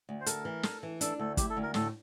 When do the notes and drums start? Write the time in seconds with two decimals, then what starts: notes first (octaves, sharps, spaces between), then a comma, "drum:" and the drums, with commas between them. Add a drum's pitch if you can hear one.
0.09 D2
0.21 C5
0.26 A4 A#4, drum: hi-hat
0.45 E3
0.63 A4, drum: snare
0.83 E3
1.01 D4 A4, drum: hi-hat
1.19 D2 A4
1.37 E4 G4, drum: kick, hi-hat
1.50 A4
1.57 D2
1.63 A#4
1.74 A2 A4, drum: snare